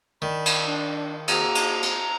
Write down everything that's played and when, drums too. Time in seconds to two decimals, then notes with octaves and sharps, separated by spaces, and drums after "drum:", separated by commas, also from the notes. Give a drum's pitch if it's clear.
0.22 D#3 D4 D5 A5 B5
0.46 drum: cymbal
0.67 D4
1.28 C3 A#3 F#4 G#4 A#5, drum: cymbal
1.55 drum: cymbal
1.82 drum: cymbal